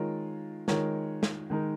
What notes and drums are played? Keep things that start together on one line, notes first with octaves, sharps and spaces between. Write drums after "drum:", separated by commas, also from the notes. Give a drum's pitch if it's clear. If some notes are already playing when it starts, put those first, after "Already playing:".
Already playing: D#3 G#3 F4 A#4 C#5
D#3 G#3 F4 A#4 C#5, drum: snare
drum: snare
D#3 G#3 D#4 A#4